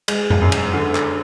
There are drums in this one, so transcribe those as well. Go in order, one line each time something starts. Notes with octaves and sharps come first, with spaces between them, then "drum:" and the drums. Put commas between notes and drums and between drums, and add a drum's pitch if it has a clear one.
G#3, drum: cymbal
drum: tom F2
F#2
drum: cymbal
D3
drum: clap